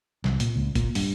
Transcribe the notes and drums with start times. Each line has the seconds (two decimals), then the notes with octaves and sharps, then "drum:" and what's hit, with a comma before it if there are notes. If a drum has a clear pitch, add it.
0.24 C2, drum: snare
0.40 A#2, drum: hi-hat
0.56 C#2
0.75 A#2, drum: kick, hi-hat
0.95 G2, drum: open hi-hat